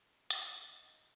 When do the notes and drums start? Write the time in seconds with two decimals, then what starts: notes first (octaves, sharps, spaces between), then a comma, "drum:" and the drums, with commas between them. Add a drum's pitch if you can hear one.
0.30 D4, drum: hi-hat
0.62 D#4